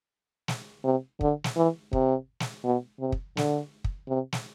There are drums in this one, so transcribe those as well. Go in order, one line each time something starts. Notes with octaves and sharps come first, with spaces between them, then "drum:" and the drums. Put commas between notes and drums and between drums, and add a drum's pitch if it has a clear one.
drum: snare
C3
D3, drum: kick
drum: snare
E3
C3, drum: kick
drum: snare
B2
C3
drum: kick
D3, drum: snare
drum: kick
C3
drum: snare